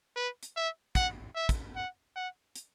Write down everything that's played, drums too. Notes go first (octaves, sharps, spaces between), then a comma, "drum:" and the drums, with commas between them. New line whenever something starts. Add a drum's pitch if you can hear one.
B4
drum: hi-hat
E5
F#5, drum: kick, hi-hat
E5
drum: kick, hi-hat
F#5
F#5
drum: hi-hat